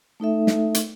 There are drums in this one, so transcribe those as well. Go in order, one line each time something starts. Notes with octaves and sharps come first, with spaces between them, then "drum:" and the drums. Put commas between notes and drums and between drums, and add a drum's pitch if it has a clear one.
A3 D#4 A4 E5
drum: snare
drum: hi-hat